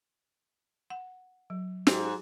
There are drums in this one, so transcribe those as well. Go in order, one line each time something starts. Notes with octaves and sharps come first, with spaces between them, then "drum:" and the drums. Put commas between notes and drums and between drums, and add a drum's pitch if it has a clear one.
F#5
F#3
G#2 F#4 G4, drum: snare